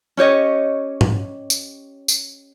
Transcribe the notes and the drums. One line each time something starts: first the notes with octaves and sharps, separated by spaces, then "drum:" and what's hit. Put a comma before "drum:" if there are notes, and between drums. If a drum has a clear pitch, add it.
C#4 G4 C#5 D#5
drum: tom G#2
drum: tambourine
drum: tambourine